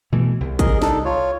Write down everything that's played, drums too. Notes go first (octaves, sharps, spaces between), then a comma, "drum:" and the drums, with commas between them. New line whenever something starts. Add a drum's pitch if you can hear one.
B2 E3 A3
C2
G#4 A#4 D#5, drum: kick, hi-hat
D4 D#4 A4, drum: snare
F4 C#5